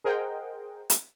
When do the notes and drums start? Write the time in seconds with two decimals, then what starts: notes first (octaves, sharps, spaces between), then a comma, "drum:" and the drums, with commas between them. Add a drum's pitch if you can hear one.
0.04 G#4 A#4 C5 D#5 F#5 G5
0.90 drum: hi-hat